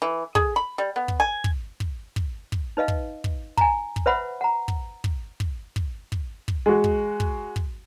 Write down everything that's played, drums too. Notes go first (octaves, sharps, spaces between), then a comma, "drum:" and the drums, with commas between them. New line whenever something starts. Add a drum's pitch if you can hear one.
E3
G#4, drum: kick
B5
G3
B3
drum: kick
G#5
drum: kick
drum: kick
drum: kick
drum: kick
D#4 B4 D#5 F5
drum: kick
drum: kick
G#5 A#5, drum: kick
drum: kick
B4 C5 E5 F#5 B5
F#5 A#5
drum: kick
drum: kick
drum: kick
drum: kick
drum: kick
drum: kick
G#3 F#4
drum: kick
drum: kick
drum: kick